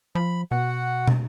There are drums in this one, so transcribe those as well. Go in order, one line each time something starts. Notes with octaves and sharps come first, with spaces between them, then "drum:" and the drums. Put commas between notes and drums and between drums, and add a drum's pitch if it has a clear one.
F3 B5
B2 F#4 F#5
drum: tom